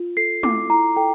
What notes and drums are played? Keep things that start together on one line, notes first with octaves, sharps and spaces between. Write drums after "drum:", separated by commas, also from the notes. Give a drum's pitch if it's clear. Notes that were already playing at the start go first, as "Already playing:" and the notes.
Already playing: F4
A4 C7
E4 D6, drum: tom
E4 A#5
A4 G5